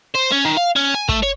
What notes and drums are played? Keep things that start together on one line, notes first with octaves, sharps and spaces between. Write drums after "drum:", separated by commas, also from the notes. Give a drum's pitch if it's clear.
C5
C#4
D#3
F5
C#4
G#5
A3, drum: kick
C#5